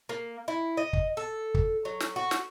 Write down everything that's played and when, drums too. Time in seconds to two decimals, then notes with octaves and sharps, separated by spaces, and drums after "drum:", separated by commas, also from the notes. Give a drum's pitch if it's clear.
0.09 A#3
0.48 E4
0.77 D#5
0.93 drum: kick
1.17 A4
1.54 drum: kick
1.85 F#3
2.00 drum: snare
2.16 F#4
2.31 drum: snare